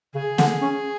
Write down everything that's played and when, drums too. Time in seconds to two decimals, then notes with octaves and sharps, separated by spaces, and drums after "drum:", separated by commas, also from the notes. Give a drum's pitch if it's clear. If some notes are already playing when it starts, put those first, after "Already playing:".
0.15 C#3 G#4
0.38 D3, drum: snare
0.62 C#4